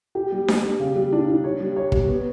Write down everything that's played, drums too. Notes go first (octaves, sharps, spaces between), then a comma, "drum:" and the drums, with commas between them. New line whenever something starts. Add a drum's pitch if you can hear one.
G4
G3
G3, drum: snare D4
G3
C#3
G3
D4
D4
C#5
G3
C#5
G3, drum: kick
B3